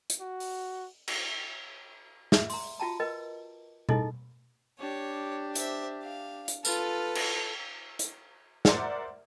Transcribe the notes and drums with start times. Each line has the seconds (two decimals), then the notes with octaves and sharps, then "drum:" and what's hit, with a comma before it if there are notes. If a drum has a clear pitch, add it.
0.10 drum: hi-hat
0.20 F#4
0.40 drum: open hi-hat
1.08 drum: cymbal
2.32 E5, drum: snare
2.50 A#5 C6, drum: open hi-hat
2.80 F4 F#4 G5 A5 A#5
3.00 A#4 B4 D#5 G5
3.89 D#4 E4 G#4 A4 D#5, drum: tom B2
4.79 D4 G4 C#5
5.55 C5 E5, drum: hi-hat
6.03 F5
6.48 drum: hi-hat
6.65 F4 A4 B4 F6, drum: tambourine
7.15 drum: cymbal
7.99 drum: hi-hat
8.65 A#4 C5 D5 E5 F#5, drum: snare